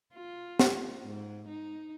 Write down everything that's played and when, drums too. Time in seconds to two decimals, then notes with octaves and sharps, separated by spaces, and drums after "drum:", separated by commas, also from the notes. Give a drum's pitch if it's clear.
0.14 F4
0.59 drum: snare
1.04 G#2
1.48 D#4